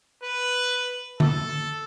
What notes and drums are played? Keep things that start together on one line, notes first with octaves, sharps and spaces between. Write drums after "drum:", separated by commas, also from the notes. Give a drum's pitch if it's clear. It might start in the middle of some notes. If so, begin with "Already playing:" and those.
B4
A4, drum: tom D3